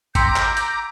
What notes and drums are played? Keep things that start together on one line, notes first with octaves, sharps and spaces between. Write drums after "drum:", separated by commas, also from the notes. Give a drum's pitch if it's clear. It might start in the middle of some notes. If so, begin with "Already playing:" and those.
G5 A#5 C6 D6 E6 G6 B6 C#7, drum: kick G#1, hi-hat
drum: clap
drum: hi-hat